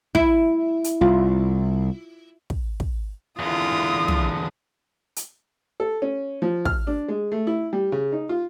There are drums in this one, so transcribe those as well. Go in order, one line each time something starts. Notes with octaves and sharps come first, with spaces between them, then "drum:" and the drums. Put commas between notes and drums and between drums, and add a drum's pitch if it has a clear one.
E4, drum: kick
drum: hi-hat
C2 F4
drum: kick
drum: kick
E2 D3 E4 F4 D#6
drum: tom
drum: hi-hat
A4
C#4
F3
F6, drum: kick
D4
G#3
A3
E4
G3
C#3
D#4
F4